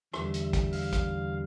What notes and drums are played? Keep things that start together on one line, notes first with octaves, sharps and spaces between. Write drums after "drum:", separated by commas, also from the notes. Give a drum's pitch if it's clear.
E2 D3 G3 E5, drum: rim click
drum: hi-hat
E5
drum: kick, hi-hat
F5, drum: open hi-hat
drum: kick, hi-hat